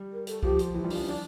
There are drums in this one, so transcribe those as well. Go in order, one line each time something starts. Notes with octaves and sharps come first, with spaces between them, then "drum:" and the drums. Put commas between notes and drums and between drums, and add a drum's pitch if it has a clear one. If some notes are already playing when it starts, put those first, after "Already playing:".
Already playing: G3
A#4
A4, drum: hi-hat
F3 G4, drum: kick B1
F4, drum: hi-hat
E3 E4
G3
D4, drum: open hi-hat
F3
D4